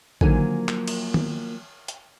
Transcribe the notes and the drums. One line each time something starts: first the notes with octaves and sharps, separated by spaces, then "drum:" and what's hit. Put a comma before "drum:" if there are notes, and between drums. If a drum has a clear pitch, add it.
D3 D#3 F3 F#3 A#3 G#5, drum: kick A1
drum: clap
drum: cymbal
drum: tom D#3
drum: hi-hat